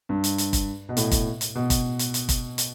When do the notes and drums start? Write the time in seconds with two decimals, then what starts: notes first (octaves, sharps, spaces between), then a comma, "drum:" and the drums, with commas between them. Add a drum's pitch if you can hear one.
0.09 G2
0.24 drum: hi-hat
0.38 drum: hi-hat
0.53 drum: kick, hi-hat
0.89 B2
0.97 A2, drum: hi-hat
1.11 drum: kick, hi-hat
1.41 drum: hi-hat
1.55 B2
1.70 drum: kick, hi-hat
1.99 drum: hi-hat
2.14 drum: hi-hat
2.29 drum: kick, hi-hat
2.58 drum: hi-hat